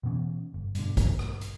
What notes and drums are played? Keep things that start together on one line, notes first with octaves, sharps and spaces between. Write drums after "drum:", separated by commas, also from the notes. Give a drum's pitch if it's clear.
B2 E3 B3 C#4
G1
G2 B2 D3, drum: hi-hat
drum: kick, hi-hat
drum: rim click
drum: hi-hat